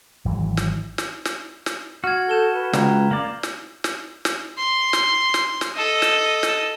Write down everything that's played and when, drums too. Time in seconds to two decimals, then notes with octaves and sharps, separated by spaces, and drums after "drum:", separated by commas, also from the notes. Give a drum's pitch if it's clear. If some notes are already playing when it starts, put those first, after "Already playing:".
0.25 G#1 E3 F#3
0.57 drum: snare
0.98 drum: snare
1.25 drum: snare
1.66 drum: snare
2.04 F#4 F6 G#6
2.29 A4 G6 E7 G7
2.53 B4
2.73 C#2 A#5, drum: snare
3.11 A#3 D5
3.43 drum: snare
3.84 drum: snare
4.25 drum: snare
4.58 C6
4.93 drum: snare
5.34 drum: snare
5.61 drum: snare
5.75 A4 D#5
6.02 drum: snare
6.43 drum: snare